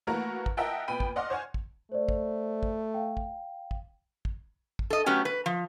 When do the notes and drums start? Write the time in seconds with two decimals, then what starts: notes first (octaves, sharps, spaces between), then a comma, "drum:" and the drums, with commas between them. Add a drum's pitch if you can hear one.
0.07 E3 A3 A#3 F#4 A#4 B4
0.46 drum: kick
0.57 A#4 D#5 E5 F#5 G5 A5
0.88 A#2 B3 G5 B5 D#7
1.00 drum: kick
1.16 D5 D#5 F#5 C6 D6 F6
1.30 C5 C#5 F#5 G#5
1.54 drum: kick
1.92 A3 C5 D5
2.09 drum: kick
2.63 drum: kick
2.94 F5 G5
3.17 drum: kick
3.71 drum: kick
4.25 drum: kick
4.79 drum: kick
4.90 A4 D#5
5.06 F#3 A3 B3 C#4 G4
5.25 B4
5.46 F3